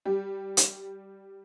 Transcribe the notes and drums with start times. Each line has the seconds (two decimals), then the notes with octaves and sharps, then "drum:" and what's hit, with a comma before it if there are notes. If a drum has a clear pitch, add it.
0.05 G3 G4
0.57 drum: hi-hat